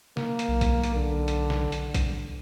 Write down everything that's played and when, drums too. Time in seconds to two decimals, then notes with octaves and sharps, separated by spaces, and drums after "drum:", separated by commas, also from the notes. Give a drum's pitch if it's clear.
0.17 A#3, drum: snare
0.39 drum: hi-hat
0.48 B1
0.61 drum: kick A#1, hi-hat
0.83 drum: hi-hat
0.95 D3
1.28 drum: hi-hat
1.50 drum: snare
1.72 drum: hi-hat
1.94 drum: kick A#1, hi-hat